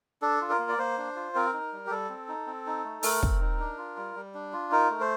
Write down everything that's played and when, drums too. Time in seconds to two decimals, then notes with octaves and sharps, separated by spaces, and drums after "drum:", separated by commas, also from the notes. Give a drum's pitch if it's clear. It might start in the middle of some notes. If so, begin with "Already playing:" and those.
0.22 D4 A4
0.41 F4
0.50 A#4
0.59 A#3
0.69 D5
0.78 A#3 C5
0.98 D4
1.15 F4
1.35 C4 A#4
1.53 D#4
1.73 G3
1.87 G4
1.90 G3 A4
2.09 C4
2.28 D#4
2.46 C4
2.66 D#4
2.84 A3
3.03 A3 A#4, drum: open hi-hat
3.23 C4, drum: kick
3.40 D#4
3.60 D4
3.78 F4
3.97 G3
4.16 G3
4.34 D4
4.53 F4
4.71 D#4 A#4
4.90 A3
5.01 C5